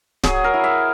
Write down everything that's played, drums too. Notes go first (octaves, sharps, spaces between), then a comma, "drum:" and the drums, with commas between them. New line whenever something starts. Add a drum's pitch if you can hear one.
F#3 G#4, drum: snare D1
A#4
E4
E5